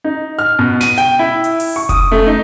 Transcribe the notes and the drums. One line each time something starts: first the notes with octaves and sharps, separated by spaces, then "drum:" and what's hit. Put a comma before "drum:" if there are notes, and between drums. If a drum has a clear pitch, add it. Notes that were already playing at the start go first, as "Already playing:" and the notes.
D#4
F6
B2
D#7, drum: snare
G5, drum: hi-hat
E4
drum: hi-hat
drum: open hi-hat
C#6
D#6, drum: kick F1, hi-hat
A3
D#4